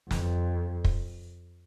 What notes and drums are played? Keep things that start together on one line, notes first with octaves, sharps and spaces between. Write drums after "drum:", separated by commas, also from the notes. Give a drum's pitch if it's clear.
F2, drum: snare
drum: kick